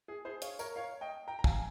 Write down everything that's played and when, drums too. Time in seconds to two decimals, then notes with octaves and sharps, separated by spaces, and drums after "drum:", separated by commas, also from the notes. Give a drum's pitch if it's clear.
0.08 G#4
0.25 G#4 C5
0.42 C#5 F5, drum: hi-hat
0.59 A#4 C#5, drum: tambourine
0.76 C#5 F5
1.01 D#5 G5
1.28 G5 A#5
1.39 A#5
1.44 F5 G#5, drum: kick